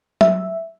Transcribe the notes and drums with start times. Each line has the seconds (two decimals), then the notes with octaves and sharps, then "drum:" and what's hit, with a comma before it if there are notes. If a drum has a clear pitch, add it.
0.21 E5, drum: tom F#3